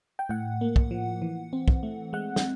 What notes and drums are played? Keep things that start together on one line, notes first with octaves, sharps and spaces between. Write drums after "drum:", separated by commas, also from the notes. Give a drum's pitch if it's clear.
G5
A2 F#5
A#3
drum: kick
F3
E3
C4
drum: kick
A3
G#3 F#5
drum: snare